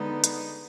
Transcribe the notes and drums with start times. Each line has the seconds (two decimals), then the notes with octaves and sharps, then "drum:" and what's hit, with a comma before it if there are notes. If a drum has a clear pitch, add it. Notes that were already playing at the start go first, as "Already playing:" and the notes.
Already playing: D3 G#3 B3 D#4
0.24 drum: hi-hat